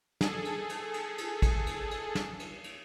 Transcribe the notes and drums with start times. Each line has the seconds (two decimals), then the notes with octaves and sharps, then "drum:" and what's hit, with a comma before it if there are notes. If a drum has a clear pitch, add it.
0.21 G#4 A4, drum: snare
0.45 drum: cymbal
0.69 drum: cymbal
0.94 drum: cymbal
1.18 drum: cymbal
1.42 drum: kick, cymbal
1.67 drum: cymbal
1.91 drum: cymbal
2.15 drum: snare
2.40 drum: cymbal
2.64 drum: cymbal